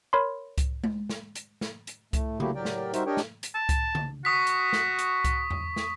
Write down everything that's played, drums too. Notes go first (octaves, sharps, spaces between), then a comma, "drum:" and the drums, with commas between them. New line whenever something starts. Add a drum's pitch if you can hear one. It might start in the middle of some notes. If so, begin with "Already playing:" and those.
A#4 C#5 B5 C6
drum: kick C2, hi-hat
drum: tom G#3
drum: snare
drum: hi-hat
drum: snare
drum: hi-hat
A2 A3, drum: kick C2, hi-hat
F#3 A3 A#3 E4 F#4 G4, drum: tom C#3
A2 F#3 G4 A#4 D5 G5
drum: snare
G3 D#4 F#4 A#4 C5 E5, drum: hi-hat
D4 G4 A#4 C#5 D#5 G5
drum: snare
drum: hi-hat
A5
drum: kick C2, hi-hat
drum: tom C#3
F#4 C#6 D#6 B6
drum: hi-hat
drum: snare
drum: hi-hat
drum: kick C2, hi-hat
drum: tom E2
drum: snare